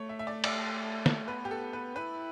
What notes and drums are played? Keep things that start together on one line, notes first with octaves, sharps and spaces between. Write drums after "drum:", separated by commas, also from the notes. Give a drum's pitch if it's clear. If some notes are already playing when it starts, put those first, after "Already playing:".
Already playing: A3 C#5
E5
E5
D5
D5, drum: cymbal
drum: snare
B3 B4
G4
A4
B4
E4 B4